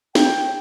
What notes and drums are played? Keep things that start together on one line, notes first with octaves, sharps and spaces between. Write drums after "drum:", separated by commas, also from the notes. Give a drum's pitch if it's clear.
G5, drum: snare